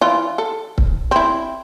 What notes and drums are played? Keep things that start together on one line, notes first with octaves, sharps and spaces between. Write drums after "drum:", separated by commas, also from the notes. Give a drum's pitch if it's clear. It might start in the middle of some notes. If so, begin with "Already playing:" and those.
E3 F4
A4
drum: kick C#1
C4 E4